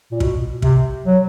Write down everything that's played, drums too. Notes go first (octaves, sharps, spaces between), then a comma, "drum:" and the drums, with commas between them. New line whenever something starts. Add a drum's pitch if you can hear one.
A#2
B2, drum: kick
C3, drum: kick
F#3